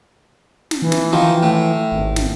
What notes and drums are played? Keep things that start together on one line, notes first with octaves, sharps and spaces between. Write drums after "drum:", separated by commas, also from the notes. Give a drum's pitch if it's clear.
drum: snare
E3
drum: snare
D#3 F3
A2
G#1
drum: snare